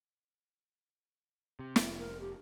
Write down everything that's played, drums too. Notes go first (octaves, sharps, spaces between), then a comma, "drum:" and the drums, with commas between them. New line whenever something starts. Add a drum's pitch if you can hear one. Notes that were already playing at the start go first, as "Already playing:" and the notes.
C3
F1, drum: snare
A#4
G4